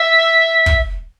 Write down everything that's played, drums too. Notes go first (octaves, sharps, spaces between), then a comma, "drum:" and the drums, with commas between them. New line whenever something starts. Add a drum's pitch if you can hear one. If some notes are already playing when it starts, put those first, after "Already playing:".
Already playing: E5
drum: kick